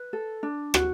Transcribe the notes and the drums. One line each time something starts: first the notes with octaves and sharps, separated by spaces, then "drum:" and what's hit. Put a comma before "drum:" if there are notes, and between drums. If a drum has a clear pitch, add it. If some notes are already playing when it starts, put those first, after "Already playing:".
Already playing: B4
A4
D4
F#4, drum: rim click